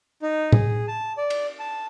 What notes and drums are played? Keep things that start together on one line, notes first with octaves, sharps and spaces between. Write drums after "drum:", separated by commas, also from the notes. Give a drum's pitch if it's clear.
D#4
G#4, drum: tom A2
A5
D5
drum: cymbal
A5